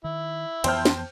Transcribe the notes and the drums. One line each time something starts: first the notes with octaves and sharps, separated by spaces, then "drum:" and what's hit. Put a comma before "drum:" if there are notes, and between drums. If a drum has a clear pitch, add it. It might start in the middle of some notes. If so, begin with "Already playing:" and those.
D#3 E4
F2 E3 B3 C5 G5 A5 F6 G6, drum: cymbal
drum: snare